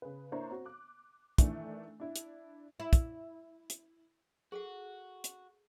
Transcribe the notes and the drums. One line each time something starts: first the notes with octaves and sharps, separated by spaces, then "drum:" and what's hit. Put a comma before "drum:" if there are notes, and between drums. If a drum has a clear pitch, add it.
C#3 B4
A#3 D4 E4 C5 C#5 A#5
C4 F#4
D6 F#6
D#3 E3 A3 D4, drum: kick, hi-hat
D4 E4
drum: hi-hat
E4
drum: kick, hi-hat
drum: hi-hat
F#4 G#4 A4 F#5
drum: hi-hat